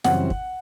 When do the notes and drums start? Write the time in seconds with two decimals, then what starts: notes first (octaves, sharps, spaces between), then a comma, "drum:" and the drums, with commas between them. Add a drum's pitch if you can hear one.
0.04 F#2 C#3 E3 G3 C4 F#5, drum: snare
0.30 drum: kick